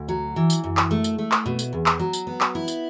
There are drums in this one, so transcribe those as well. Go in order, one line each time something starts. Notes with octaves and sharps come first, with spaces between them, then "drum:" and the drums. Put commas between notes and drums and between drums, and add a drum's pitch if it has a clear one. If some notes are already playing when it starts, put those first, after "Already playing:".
Already playing: D2
F#3
E3
drum: tambourine
F#2
drum: clap
A3
drum: tambourine
A3
drum: clap
B2
drum: tambourine
E2
drum: clap
F#3
drum: tambourine
B3
drum: clap
E4
drum: tambourine